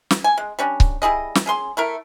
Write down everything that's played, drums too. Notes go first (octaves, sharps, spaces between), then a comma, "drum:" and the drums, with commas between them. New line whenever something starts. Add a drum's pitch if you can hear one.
drum: snare
G#5
G#3
G3 C#4 D4
drum: kick C#1
G3 E4 G#4 D#5
drum: snare
C#4 G#4 C6
A3 E4 A#4